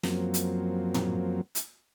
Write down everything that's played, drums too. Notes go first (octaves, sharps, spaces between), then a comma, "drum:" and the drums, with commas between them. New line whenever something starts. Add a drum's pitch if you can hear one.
F#2 F3 F#3 A#3 C4, drum: snare
drum: hi-hat
drum: tom
drum: hi-hat